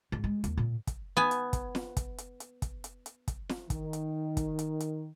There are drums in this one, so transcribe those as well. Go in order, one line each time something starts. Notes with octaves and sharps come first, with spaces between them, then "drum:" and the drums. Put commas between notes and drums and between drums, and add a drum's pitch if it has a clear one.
G#2
G#3
D#2, drum: hi-hat
A#2
drum: kick, hi-hat
B3 G#5
drum: hi-hat
drum: kick, hi-hat
drum: snare
drum: kick, hi-hat
drum: hi-hat
drum: hi-hat
drum: kick, hi-hat
drum: hi-hat
drum: hi-hat
drum: kick, hi-hat
drum: snare
D#3, drum: kick, hi-hat
drum: hi-hat
drum: kick, hi-hat
drum: hi-hat
drum: hi-hat